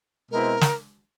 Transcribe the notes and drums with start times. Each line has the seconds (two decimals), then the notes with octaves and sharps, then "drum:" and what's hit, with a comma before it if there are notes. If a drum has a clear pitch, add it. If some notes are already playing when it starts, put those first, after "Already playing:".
0.31 B2 G#3 C4 E4 A#4
0.61 drum: snare